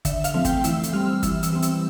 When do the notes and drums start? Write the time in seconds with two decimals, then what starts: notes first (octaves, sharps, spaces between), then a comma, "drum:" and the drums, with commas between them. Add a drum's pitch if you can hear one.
0.05 D3 E5, drum: kick, hi-hat
0.24 F5, drum: hi-hat
0.34 F3 A3 C4
0.45 G5, drum: kick, hi-hat
0.64 E3 E6, drum: hi-hat
0.84 drum: hi-hat
0.93 G3 C4 F6
1.23 E3 E6, drum: kick, hi-hat
1.43 E6, drum: hi-hat
1.52 G3 C4
1.63 E6, drum: hi-hat